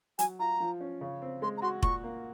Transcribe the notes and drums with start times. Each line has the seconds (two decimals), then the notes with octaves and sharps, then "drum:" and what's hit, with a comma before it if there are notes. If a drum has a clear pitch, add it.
0.19 F#3 G#5, drum: hi-hat
0.39 F4 A#5
0.60 F3
0.81 C#4
1.01 C#3
1.22 C4
1.42 G#3 C6
1.57 A#5
1.62 F#4 C6
1.83 A#2 C#6, drum: kick
2.04 A#3